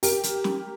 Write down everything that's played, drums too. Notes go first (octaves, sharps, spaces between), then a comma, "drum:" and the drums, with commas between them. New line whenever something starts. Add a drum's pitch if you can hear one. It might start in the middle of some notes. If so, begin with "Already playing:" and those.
G4 A#4, drum: open hi-hat
drum: hi-hat
drum: snare